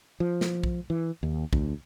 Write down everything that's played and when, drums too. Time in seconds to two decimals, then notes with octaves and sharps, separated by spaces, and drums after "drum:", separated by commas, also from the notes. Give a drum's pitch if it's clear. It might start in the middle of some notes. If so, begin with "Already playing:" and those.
0.20 F3
0.41 drum: snare
0.64 drum: kick B1
0.90 E3
1.23 D#2
1.53 D2, drum: kick B1